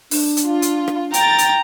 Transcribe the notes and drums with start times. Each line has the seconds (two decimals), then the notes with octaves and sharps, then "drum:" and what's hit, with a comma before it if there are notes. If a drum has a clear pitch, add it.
0.11 D4, drum: open hi-hat
0.37 drum: hi-hat
0.46 F4
0.62 drum: hi-hat
0.88 drum: rim click
1.14 G5 A#5 A6, drum: hi-hat
1.38 drum: hi-hat